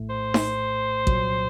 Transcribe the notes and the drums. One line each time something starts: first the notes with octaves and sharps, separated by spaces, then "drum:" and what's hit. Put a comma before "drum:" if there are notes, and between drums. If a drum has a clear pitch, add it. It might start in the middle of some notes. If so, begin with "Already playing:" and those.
Already playing: A#1 A2 A3
C5
drum: snare D#4
C2 A#2 F#3, drum: kick A1